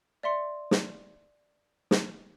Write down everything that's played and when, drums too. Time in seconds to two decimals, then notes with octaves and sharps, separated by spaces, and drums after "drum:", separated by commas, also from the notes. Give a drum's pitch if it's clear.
0.23 D5 E5 C6 C#7
0.71 drum: snare
1.91 drum: snare